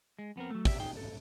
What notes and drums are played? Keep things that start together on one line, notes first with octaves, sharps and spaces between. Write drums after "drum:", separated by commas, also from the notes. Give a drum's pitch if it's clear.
G#3
F2 B3 C4 A#4
F#3 A3
G4 D5 E5, drum: kick, open hi-hat
D#4 G#4 G5
A4